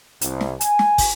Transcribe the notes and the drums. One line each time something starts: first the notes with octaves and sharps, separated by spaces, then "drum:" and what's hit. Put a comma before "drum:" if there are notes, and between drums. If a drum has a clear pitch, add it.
C2, drum: hi-hat
drum: snare
G#5, drum: hi-hat
drum: snare
drum: kick, open hi-hat